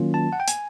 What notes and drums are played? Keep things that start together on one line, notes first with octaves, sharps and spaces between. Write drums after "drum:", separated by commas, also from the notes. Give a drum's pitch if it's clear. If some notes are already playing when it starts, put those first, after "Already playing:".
Already playing: D#3 F#3 A#3 C#4 F4
A5
F#5
G5
G#5, drum: hi-hat